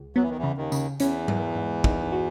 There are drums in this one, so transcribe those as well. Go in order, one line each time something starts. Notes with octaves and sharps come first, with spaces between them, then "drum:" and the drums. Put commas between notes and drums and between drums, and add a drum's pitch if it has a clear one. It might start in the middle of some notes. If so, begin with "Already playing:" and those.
Already playing: C#2
F#3 B3
E3
D#3
E2 E3
C#3
D#2 D#3
C#3, drum: tambourine
E2 E3 C#4, drum: hi-hat
G#2, drum: tom F#3
G#2
D#4, drum: kick
F#4